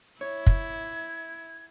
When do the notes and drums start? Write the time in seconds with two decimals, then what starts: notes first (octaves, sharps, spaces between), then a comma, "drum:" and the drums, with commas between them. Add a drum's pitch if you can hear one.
0.21 E4 C#5 G#6
0.47 drum: kick